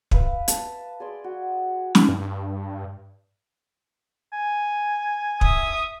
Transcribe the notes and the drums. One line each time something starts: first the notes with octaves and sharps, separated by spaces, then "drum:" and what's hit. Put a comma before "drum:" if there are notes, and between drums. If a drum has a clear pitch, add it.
B4 E5 F5, drum: kick
A5, drum: hi-hat
G#4 D5 C6
F#4
drum: snare
G2
G#5
E5 D#6, drum: kick